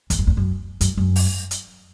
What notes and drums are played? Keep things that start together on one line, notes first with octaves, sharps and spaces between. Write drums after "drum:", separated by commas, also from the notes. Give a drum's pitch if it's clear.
E2, drum: kick, hi-hat
F#2
E2
F#2
F#2, drum: hi-hat
F#2
drum: open hi-hat
drum: hi-hat